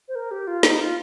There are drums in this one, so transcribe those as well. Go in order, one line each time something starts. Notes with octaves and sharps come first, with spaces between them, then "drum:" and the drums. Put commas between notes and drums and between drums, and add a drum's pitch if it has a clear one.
C5
A#4
G4
F4
D#4, drum: snare
F4